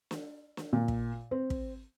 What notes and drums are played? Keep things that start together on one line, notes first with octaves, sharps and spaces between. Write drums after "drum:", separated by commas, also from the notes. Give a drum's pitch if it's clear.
drum: snare
drum: snare
A#2
drum: kick
C4
drum: kick